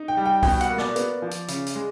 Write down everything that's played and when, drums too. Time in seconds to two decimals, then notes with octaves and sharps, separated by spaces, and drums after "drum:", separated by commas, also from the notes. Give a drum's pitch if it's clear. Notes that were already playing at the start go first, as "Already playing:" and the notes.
Already playing: D#4
0.08 G5
0.17 G3
0.26 G5
0.43 B2 G5, drum: kick C2, open hi-hat
0.61 F#5, drum: hi-hat
0.69 A#3
0.78 D5, drum: snare
0.96 B3, drum: hi-hat
1.22 F3
1.31 drum: hi-hat
1.48 C#3, drum: hi-hat
1.66 drum: hi-hat
1.76 G#3